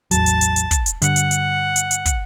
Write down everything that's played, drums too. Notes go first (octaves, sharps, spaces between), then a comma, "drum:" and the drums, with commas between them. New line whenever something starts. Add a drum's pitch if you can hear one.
A1 E2 F#3 A5, drum: hi-hat
drum: hi-hat
drum: hi-hat
drum: hi-hat
drum: kick, hi-hat
drum: hi-hat
G2 D3 F#5, drum: hi-hat
drum: hi-hat
drum: hi-hat
drum: hi-hat
drum: hi-hat
drum: kick, hi-hat